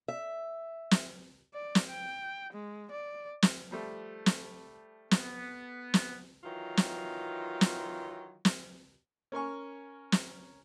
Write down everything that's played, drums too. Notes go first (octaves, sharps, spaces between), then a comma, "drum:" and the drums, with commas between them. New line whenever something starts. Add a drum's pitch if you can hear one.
E5
drum: snare
D5
drum: snare
G5
G#3
D5
drum: snare
F3 G3 A3
drum: snare
B3, drum: snare
drum: snare
D#3 E3 F#3 F4
drum: snare
drum: snare
drum: snare
C#4 A#4 G#5 C#6
drum: snare